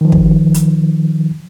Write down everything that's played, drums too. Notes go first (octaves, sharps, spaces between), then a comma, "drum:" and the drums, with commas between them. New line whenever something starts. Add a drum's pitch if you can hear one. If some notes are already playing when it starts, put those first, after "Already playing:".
D#3 F3
drum: kick
drum: hi-hat